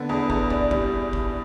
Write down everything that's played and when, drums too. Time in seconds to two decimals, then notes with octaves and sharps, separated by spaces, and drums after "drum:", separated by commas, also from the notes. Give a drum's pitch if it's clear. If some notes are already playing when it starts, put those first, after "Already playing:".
Already playing: D3 B3
0.09 E2
0.30 E2, drum: kick
0.50 D4, drum: kick
0.71 G3, drum: kick
1.13 drum: kick